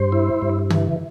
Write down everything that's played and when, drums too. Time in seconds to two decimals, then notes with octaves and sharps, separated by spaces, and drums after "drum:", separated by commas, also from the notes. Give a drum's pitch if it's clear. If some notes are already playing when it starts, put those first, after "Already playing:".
Already playing: G2 C5
0.12 E4
0.42 G2
0.70 E3, drum: tom